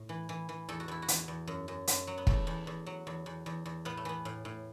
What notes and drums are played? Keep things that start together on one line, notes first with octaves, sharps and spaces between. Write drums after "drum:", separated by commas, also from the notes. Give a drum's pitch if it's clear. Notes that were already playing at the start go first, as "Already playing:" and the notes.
Already playing: A2
E3
E3
E3
E2 A4
F#4
E2 E4
F#4
E2, drum: hi-hat
E2
F#2
F#2
F#2, drum: hi-hat
F#3
B3
E2 A3, drum: kick
E2
E2
F#3
E2
E2
E2
E2
A2 B3
A3
E3 B3
A2
A2